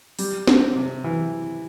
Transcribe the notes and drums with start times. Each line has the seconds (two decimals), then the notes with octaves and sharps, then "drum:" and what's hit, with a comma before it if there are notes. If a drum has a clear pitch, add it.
0.19 G3, drum: open hi-hat
0.47 C4, drum: snare
0.76 C3
1.04 E3